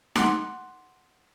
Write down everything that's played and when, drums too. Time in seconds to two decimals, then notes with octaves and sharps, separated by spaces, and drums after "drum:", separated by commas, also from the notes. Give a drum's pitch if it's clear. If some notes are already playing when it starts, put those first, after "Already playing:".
0.16 F#5 C6 D6 F#6 D7, drum: snare D#4